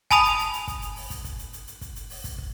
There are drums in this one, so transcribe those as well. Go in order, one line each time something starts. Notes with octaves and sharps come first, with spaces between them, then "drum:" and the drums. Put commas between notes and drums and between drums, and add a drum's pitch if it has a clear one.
G#5 A5 B5 D#6 F7, drum: kick, hi-hat
drum: hi-hat
drum: hi-hat
drum: hi-hat
drum: kick, hi-hat
drum: hi-hat
drum: open hi-hat
drum: kick, hi-hat
drum: kick, hi-hat
drum: hi-hat
drum: hi-hat
drum: hi-hat
drum: kick, hi-hat
drum: hi-hat
drum: open hi-hat
drum: kick, hi-hat
drum: kick